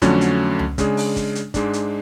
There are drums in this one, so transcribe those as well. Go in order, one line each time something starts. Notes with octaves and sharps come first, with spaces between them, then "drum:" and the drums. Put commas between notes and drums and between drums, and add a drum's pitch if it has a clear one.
F2 D3 F#3 A3 C#4, drum: kick, hi-hat
drum: hi-hat
drum: tom C#2
C#3 G#3 D4 G#4, drum: kick, hi-hat
drum: open hi-hat
drum: kick, hi-hat
drum: hi-hat
G#2 G#3 D4, drum: kick, hi-hat
drum: hi-hat